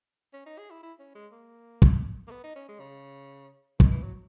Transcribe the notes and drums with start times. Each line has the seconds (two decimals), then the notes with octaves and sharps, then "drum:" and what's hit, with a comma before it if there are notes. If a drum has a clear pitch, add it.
0.34 C#4
0.46 D#4
0.58 G#4
0.71 E4
0.83 E4
1.00 C#4
1.15 G#3
1.32 A#3
1.82 drum: kick
2.28 A#3
2.31 B3
2.44 D#4
2.56 C#4
2.69 G#3
2.80 C#3
3.80 D#3, drum: kick
3.92 E3
4.04 F#3